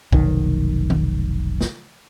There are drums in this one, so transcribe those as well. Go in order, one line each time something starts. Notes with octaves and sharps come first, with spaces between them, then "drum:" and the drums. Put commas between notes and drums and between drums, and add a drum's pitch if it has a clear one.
F1 B1 D#3, drum: kick
drum: tom D#3
drum: snare